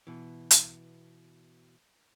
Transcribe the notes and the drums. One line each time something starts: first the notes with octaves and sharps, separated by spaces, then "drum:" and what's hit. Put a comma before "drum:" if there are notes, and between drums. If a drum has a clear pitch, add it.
B2 E3
drum: hi-hat